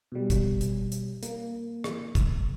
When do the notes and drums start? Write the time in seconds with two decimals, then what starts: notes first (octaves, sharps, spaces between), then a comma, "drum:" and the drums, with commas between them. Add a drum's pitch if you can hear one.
0.12 B2 G3
0.30 drum: kick, hi-hat
0.61 drum: hi-hat
0.92 drum: hi-hat
1.23 A#3, drum: hi-hat
1.84 drum: rim click
2.15 drum: kick, hi-hat